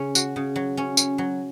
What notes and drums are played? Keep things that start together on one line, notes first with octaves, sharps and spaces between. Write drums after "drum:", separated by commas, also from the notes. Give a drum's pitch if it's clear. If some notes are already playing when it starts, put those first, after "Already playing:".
Already playing: C#3 C#4
F#4, drum: tambourine
C#3
F#3
C#4
C#4, drum: tambourine
F#3